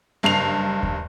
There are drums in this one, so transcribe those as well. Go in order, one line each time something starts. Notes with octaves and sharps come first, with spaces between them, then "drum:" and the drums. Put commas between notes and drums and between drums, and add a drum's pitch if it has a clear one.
F#1 G2 C7 F7
drum: kick D#2